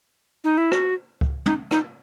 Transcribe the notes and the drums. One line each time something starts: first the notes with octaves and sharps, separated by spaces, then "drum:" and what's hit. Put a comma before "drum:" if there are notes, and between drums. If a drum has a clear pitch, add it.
D#4
E4
F#4, drum: rim click
drum: kick C#2
D#4, drum: tom
D#4, drum: rim click